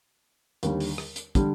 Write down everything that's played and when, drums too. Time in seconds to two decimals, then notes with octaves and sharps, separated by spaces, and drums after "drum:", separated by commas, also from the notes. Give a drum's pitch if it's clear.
0.63 D#2 D3 G3, drum: hi-hat
0.80 drum: open hi-hat
0.98 drum: rim click
1.16 drum: hi-hat
1.35 D3 G3, drum: kick, hi-hat